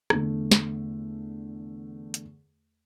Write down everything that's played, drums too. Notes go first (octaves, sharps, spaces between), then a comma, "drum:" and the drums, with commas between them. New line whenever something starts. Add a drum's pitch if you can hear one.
E2 D3 A3, drum: rim click
drum: snare
drum: hi-hat